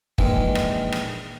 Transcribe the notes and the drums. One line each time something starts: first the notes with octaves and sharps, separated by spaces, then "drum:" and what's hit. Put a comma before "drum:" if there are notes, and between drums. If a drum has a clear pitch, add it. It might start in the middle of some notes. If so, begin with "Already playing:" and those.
A#1 D#3 E3 G#3, drum: kick
drum: rim click
drum: rim click